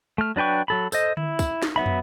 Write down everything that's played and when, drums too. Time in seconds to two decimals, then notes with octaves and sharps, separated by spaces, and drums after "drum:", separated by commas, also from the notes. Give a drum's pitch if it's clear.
0.18 A3 F6
0.36 F#3 D4 B4 G5 C#6
0.68 F#3 A4 B5
0.92 A4 C5 D#5, drum: tambourine
1.17 E4, drum: tom D3
1.39 drum: kick, tambourine
1.62 drum: snare
1.76 F#3 B3 E5 B5
1.86 drum: tom